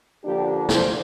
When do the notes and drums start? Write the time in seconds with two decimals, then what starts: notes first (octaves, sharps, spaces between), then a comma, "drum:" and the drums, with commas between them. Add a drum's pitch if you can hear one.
0.24 D3 F3 A#3 D4 G4
0.69 C5, drum: snare